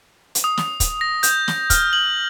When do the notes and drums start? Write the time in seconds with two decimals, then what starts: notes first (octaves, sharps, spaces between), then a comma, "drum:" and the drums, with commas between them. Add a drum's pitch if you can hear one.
0.35 drum: hi-hat
0.44 D#6
0.57 drum: snare
0.80 drum: kick, hi-hat
1.01 A#6
1.23 G6, drum: hi-hat
1.48 drum: snare
1.70 F6, drum: kick, hi-hat
1.93 F#7